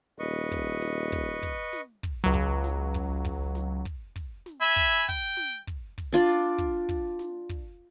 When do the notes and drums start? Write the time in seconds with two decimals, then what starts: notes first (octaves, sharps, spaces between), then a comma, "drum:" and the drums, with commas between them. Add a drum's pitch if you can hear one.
0.19 D#1 B4 D#5 C#6
0.52 drum: kick
0.82 drum: snare
1.12 drum: kick, hi-hat
1.43 drum: kick, open hi-hat
1.73 drum: snare
2.03 drum: kick, hi-hat
2.24 C#2 F#3
2.34 drum: kick, open hi-hat
2.64 drum: snare
2.94 drum: kick, hi-hat
3.25 drum: kick, open hi-hat
3.55 drum: snare
3.85 drum: kick, hi-hat
4.16 drum: kick, open hi-hat
4.46 drum: snare
4.61 E5 G#5 B5
4.76 drum: kick, hi-hat
5.09 G5, drum: kick, open hi-hat
5.37 drum: snare
5.67 drum: kick, hi-hat
5.98 drum: kick, open hi-hat
6.13 D4 F4 D5
6.28 drum: snare
6.58 drum: kick, hi-hat
6.89 drum: kick, open hi-hat
7.19 drum: snare
7.49 drum: kick, hi-hat